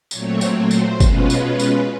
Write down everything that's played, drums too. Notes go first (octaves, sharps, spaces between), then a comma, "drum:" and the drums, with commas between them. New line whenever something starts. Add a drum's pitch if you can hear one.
A#2 F#3 A3 C4 C#5, drum: tambourine
drum: tambourine
C5
drum: tambourine
B2 G#3 C#4 F4 B4, drum: kick, tambourine
drum: tambourine
drum: tambourine